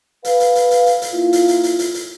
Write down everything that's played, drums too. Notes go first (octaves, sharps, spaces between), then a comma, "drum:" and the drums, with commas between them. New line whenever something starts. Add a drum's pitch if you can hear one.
B4 F5, drum: hi-hat
drum: hi-hat
drum: hi-hat
drum: hi-hat
drum: hi-hat
drum: hi-hat
A#3 E4 F4
drum: hi-hat
drum: hi-hat
drum: hi-hat
drum: hi-hat
drum: hi-hat